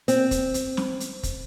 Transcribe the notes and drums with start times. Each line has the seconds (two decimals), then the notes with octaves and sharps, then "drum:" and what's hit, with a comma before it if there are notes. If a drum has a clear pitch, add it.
0.08 C4, drum: hi-hat
0.31 drum: kick, hi-hat
0.54 drum: hi-hat
0.77 drum: snare
1.00 drum: hi-hat
1.23 drum: kick, hi-hat